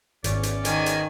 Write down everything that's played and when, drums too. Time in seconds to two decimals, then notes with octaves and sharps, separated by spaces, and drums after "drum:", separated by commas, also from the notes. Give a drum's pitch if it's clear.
0.24 G#1 E2 C#4 D5, drum: hi-hat
0.43 drum: hi-hat
0.65 D#3 G#5 D#7, drum: hi-hat
0.86 drum: hi-hat